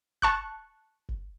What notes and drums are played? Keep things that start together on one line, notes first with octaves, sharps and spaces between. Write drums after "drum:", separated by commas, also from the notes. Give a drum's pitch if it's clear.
A5 C#6 F#6, drum: kick F#1
drum: kick F#1